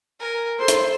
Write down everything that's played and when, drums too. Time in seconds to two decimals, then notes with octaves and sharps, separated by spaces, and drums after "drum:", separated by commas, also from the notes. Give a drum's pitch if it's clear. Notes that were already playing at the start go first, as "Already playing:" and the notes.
0.20 A#4 G#5
0.59 A4 C5 C6
0.68 drum: hi-hat